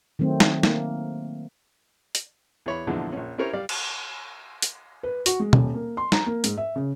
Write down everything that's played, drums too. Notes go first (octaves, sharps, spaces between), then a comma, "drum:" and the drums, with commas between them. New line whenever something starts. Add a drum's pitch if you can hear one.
D#3 F#3 A3 C4
drum: snare
A#3, drum: snare
drum: hi-hat
E2 C#5 B5
E2 A#2 D3 F3 F#3 G#3
A#1 C#4
C#4 E4 G4 A#4 C5 C#5
G3 D5 F5
drum: cymbal
drum: hi-hat
B4
F#4, drum: hi-hat
G#3
D#1, drum: tom B2
A#3
C6
A#5, drum: snare
A#3
G#2, drum: hi-hat
E5
C#3